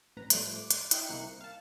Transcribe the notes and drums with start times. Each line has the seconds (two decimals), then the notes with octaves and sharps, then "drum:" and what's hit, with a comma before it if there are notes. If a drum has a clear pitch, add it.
0.17 A1 B4 A#5
0.30 A1 F3 G3 A3, drum: hi-hat
0.56 D6
0.71 drum: hi-hat
0.91 E4 D#5 E5 G5 G6 C7, drum: hi-hat
1.06 C2 A#3 C4 F#6 C7 C#7
1.41 F5 A5